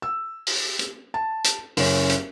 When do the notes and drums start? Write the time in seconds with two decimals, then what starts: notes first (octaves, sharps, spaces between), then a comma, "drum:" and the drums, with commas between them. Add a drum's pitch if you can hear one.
0.02 E6
0.47 drum: open hi-hat
0.79 drum: hi-hat
1.14 A5
1.44 drum: hi-hat
1.77 F#1 C#4, drum: open hi-hat
2.10 drum: hi-hat